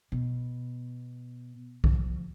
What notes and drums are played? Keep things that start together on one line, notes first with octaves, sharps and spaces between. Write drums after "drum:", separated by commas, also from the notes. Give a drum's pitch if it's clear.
B2
F3, drum: kick B1